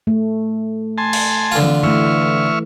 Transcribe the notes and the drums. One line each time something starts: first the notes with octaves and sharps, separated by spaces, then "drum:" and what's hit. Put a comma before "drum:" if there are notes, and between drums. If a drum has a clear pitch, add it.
A3
G#5 A5 C6
drum: cymbal
D3 F4
drum: tom E3
E3 A3 E5 C#6 F6